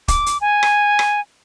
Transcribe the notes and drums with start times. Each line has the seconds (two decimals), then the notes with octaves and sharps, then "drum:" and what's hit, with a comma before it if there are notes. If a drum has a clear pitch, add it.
0.08 D6, drum: kick, hi-hat
0.26 drum: hi-hat
0.41 G#5
0.63 drum: rim click
0.99 drum: rim click